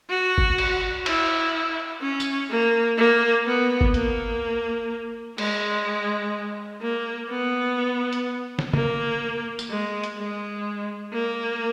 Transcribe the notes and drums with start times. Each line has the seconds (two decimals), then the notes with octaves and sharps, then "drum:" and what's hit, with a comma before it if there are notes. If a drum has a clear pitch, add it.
0.10 F#4
0.38 drum: kick F#1
0.58 drum: cymbal
1.06 E4, drum: cymbal
2.02 C#4
2.20 drum: tambourine
2.50 A#3
2.97 A#3
3.46 B3
3.81 drum: kick F#1
3.94 A#3, drum: hi-hat
5.38 G#3, drum: cymbal
6.82 A#3
7.30 B3
8.13 drum: hi-hat
8.59 drum: snare
8.74 A#3, drum: tom
9.59 drum: tambourine
9.70 G#3
10.04 drum: hi-hat
10.18 G#3
11.13 A#3